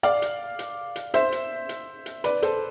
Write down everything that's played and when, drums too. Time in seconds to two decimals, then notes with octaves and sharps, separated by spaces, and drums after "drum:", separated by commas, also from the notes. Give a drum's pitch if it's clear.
0.03 D5 F5, drum: hi-hat
0.22 drum: hi-hat
0.59 drum: hi-hat
0.96 drum: hi-hat
1.14 C5 E5, drum: hi-hat
1.32 drum: hi-hat
1.69 drum: hi-hat
2.06 drum: hi-hat
2.24 B4 D5, drum: hi-hat
2.42 A4 C5, drum: hi-hat